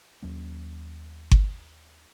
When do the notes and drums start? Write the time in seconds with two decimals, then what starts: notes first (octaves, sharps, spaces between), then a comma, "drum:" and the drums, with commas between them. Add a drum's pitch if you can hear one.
0.23 D#2 F#3 A#3 C#4
1.31 drum: kick G1